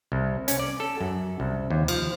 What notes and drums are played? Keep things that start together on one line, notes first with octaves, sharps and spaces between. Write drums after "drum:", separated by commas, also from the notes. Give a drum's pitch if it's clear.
C2
C#4, drum: hi-hat
D5
A4
F#2
C2
D#2
F3, drum: cymbal